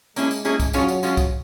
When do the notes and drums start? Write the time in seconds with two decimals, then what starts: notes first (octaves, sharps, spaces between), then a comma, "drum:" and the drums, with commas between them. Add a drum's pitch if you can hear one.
0.16 G#3 A#3 C#4 E4 G#4, drum: tambourine
0.31 drum: tambourine
0.45 A#3 C#4 E4 G#4, drum: tambourine
0.60 drum: kick, tambourine
0.73 F#3 G#3 C#4 F4 G#4 C#5, drum: tambourine
0.88 drum: tambourine
1.03 G#3 C#4 F4 G#4 C#5, drum: tambourine
1.17 drum: kick, tambourine